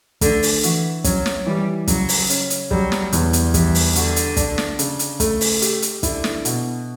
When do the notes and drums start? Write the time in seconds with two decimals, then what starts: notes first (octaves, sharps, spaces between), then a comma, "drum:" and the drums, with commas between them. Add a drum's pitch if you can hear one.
0.21 D3 A3, drum: kick, hi-hat
0.43 drum: open hi-hat
0.63 E3 F#4, drum: hi-hat
1.04 F#3 C#4, drum: kick, hi-hat
1.26 drum: snare
1.46 E3 G3
1.88 C#3 F#3, drum: kick, hi-hat
2.09 drum: open hi-hat
2.30 C#4, drum: hi-hat
2.50 drum: hi-hat
2.71 F#3 G3, drum: kick
2.92 drum: snare
3.12 E2, drum: hi-hat
3.33 drum: hi-hat
3.54 E3 G3, drum: kick, hi-hat
3.75 drum: open hi-hat
3.96 D3 F#4, drum: hi-hat
4.16 drum: hi-hat
4.37 D4, drum: kick, hi-hat
4.58 drum: snare
4.79 C#3, drum: hi-hat
4.99 drum: hi-hat
5.20 A3, drum: kick, hi-hat
5.41 drum: open hi-hat
5.62 G4, drum: hi-hat
5.82 drum: hi-hat
6.03 D3 E4, drum: kick, hi-hat
6.24 drum: snare
6.45 B2, drum: hi-hat